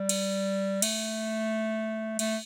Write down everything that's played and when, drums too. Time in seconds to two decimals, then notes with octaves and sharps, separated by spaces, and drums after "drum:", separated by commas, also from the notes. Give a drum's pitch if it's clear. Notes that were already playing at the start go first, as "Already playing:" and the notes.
Already playing: G3
0.09 drum: cymbal
0.82 A3, drum: cymbal
2.19 A3, drum: cymbal